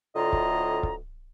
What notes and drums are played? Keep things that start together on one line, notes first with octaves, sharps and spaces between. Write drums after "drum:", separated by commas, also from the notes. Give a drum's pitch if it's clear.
D2 A2 D3 F4 D#5 A#5
drum: kick C#1
drum: kick C#1